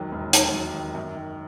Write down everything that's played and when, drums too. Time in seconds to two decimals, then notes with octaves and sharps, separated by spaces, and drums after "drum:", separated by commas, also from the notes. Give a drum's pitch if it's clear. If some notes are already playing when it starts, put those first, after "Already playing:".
Already playing: E1 D#2 D#3 F#3
0.12 E1
0.33 D#2, drum: hi-hat
0.53 F#3
0.74 D#3
0.95 F#2
1.15 D#3